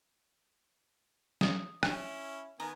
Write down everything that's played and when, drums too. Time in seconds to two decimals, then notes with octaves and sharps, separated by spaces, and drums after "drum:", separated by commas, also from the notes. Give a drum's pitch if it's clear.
1.41 D#6, drum: snare
1.83 C#4 E4, drum: rim click
2.60 D#3 B3 G#5 A#5